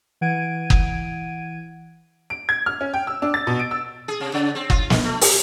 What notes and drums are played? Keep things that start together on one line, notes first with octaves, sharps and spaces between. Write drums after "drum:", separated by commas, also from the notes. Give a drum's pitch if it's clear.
E3 F#5 G#6 D7 D#7
drum: kick F#1
D7
G#6
F6
C#4
G5
E6
D4
A6
B2
D7
E6
G#4
C3
C#3
C4
F4, drum: kick F#1
D3, drum: snare
A3
G4, drum: open hi-hat